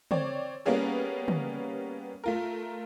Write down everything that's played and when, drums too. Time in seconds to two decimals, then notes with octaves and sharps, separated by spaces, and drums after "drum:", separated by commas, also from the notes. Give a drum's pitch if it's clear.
0.11 C4 C#5 D5, drum: tom
0.66 G3 A#3 B3 C#4 G#4
1.28 drum: tom
2.24 A3 F4 A#4